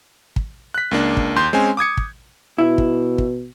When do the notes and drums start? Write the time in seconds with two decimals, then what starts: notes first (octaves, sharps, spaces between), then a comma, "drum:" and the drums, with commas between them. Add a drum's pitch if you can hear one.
0.36 drum: kick
0.74 F#6 B6
0.91 C#2 A#3 D4
1.17 drum: kick
1.36 D#2 C6 G6
1.53 G#3 C4 C#4 G#5
1.77 D6 D#6 G#6 C#7
1.97 drum: kick
2.58 B2 E4
2.78 drum: kick
3.18 drum: kick